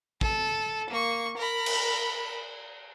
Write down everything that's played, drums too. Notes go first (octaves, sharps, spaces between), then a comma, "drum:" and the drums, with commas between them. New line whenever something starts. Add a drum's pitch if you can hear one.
A4, drum: kick
A#3 C#6
A#4 B5
drum: cymbal